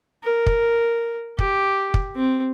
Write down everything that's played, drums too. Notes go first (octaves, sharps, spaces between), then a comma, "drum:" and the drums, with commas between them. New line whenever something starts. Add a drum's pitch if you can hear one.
A#4
drum: kick
G4, drum: kick
drum: kick
C4